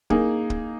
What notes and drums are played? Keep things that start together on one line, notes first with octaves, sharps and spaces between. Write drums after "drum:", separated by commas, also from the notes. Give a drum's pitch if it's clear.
A#3 D#4 G#4, drum: kick
drum: kick